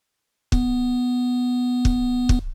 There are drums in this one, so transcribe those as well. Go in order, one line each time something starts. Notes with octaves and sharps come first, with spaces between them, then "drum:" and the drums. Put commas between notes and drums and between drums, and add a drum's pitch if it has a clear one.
B3, drum: kick
drum: kick
drum: kick